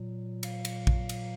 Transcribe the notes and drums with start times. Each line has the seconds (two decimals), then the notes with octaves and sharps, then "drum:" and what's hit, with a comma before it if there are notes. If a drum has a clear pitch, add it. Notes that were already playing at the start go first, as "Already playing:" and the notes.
Already playing: A#2 F#3
0.43 F5, drum: cymbal
0.65 drum: cymbal
0.87 drum: kick A#1
1.09 drum: cymbal